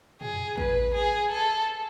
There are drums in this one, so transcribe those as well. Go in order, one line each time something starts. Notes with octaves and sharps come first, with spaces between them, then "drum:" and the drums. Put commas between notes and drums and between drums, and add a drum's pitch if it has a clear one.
G#4, drum: tom
B4, drum: kick
G#4
A4